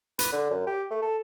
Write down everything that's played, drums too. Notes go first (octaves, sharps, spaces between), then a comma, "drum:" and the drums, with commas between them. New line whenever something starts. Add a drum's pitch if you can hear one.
B4, drum: hi-hat
D3
F#2
G4
A3
A4